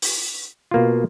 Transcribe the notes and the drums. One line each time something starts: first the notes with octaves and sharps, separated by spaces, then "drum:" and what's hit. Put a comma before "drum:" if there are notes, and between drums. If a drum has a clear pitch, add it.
drum: open hi-hat
B2 A#3 F4